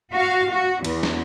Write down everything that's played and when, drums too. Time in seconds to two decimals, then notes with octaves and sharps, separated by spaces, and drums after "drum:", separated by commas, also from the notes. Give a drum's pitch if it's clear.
0.14 F#4 F5
0.51 F#4
0.85 E2, drum: cymbal
1.03 drum: snare